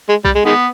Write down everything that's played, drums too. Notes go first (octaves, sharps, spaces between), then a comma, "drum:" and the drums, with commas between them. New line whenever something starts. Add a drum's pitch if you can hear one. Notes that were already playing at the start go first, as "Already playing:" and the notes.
G#3
G3, drum: kick B1
G#3
D#3 G#3 B3